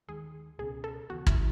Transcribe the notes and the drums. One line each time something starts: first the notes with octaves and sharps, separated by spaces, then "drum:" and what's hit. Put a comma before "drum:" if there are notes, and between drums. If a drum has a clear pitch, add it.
D#2 D#3 G#3 G#4
C#2 B2 A3 C#4 G#4
A4
D#2 C#3 E3 B3 F#4
E4, drum: kick